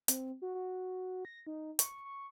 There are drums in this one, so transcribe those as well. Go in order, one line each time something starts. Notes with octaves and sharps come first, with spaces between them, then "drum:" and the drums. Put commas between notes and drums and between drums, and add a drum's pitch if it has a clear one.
C4, drum: hi-hat
F#4
F#4
A#6
D#4
C#6, drum: hi-hat
C#6